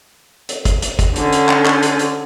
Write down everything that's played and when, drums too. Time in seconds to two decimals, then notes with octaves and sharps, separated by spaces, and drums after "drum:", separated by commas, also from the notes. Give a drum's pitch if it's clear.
0.49 drum: hi-hat
0.65 drum: kick, hi-hat
0.82 drum: hi-hat
0.99 drum: kick, hi-hat
1.16 D3 C#4, drum: hi-hat
1.32 drum: hi-hat
1.49 drum: clap
1.66 drum: clap
1.82 drum: hi-hat
1.99 drum: hi-hat